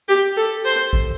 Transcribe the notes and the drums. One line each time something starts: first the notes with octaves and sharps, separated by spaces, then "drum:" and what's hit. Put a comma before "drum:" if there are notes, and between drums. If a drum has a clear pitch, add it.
G4
A4
C5
drum: kick G1